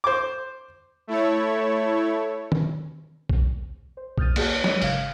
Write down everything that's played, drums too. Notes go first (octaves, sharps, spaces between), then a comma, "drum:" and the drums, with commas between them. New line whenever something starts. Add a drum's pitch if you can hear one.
C5 D6
A3 E4 A4 C#5
drum: tom D#3
drum: kick
C5
D#6 F6 G6 A6 D#7, drum: kick
A#3 F#4 G#4 C#5 A5, drum: cymbal
G#3 C#5 D#5 D#7, drum: snare
G#1 C#3 F5 G#6, drum: open hi-hat